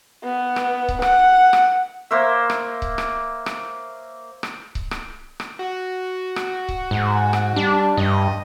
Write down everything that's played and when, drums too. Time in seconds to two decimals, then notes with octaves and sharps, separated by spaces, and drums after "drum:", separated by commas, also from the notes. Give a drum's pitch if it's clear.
0.24 B3
0.56 drum: rim click
0.88 drum: kick C#1
1.02 F#5, drum: rim click
1.53 drum: rim click
2.11 A#3 C5 C#5 E5
2.50 drum: rim click
2.82 drum: kick C#1
2.98 drum: rim click
3.46 drum: rim click
4.43 drum: rim click
4.75 drum: kick C#1
4.91 drum: rim click
5.40 drum: rim click
5.59 F#4
6.36 drum: rim click
6.69 drum: kick C#1
6.91 G#2
7.33 drum: rim click
7.56 G3 D4
7.97 G2 D#5